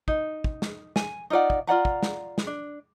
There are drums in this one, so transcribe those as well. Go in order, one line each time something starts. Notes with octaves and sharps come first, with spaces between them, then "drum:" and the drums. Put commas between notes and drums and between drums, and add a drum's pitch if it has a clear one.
D#4, drum: kick
drum: kick
drum: snare
G#5, drum: snare
D#4 F4 D5 F#5
drum: kick
F4 D5 F#5 A#5
drum: kick
drum: snare
drum: snare
D4